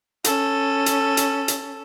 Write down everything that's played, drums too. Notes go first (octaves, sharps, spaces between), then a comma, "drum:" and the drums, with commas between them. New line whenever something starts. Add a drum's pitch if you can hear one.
C#4 A4, drum: hi-hat
drum: hi-hat
drum: hi-hat
drum: hi-hat